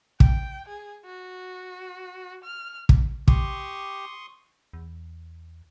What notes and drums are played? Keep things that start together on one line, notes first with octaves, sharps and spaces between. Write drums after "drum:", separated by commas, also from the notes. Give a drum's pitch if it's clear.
G5, drum: kick
G#4
F#4
F6
drum: kick
G4 C6 C#6 D#6, drum: kick
E2